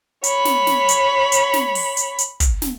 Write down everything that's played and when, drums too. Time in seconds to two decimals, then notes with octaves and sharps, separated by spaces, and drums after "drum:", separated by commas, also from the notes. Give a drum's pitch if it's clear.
0.24 C#5 B5, drum: hi-hat
0.45 drum: snare
0.67 drum: snare
0.89 drum: hi-hat
1.32 drum: hi-hat
1.54 drum: snare
1.75 drum: open hi-hat
1.97 drum: hi-hat
2.18 drum: hi-hat
2.40 drum: kick, hi-hat
2.62 drum: snare